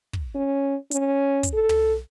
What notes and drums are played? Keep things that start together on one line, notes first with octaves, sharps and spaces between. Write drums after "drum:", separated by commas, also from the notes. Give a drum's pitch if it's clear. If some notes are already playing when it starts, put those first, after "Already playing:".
drum: kick
C#4
C#4, drum: hi-hat
drum: kick, hi-hat
A4
drum: tom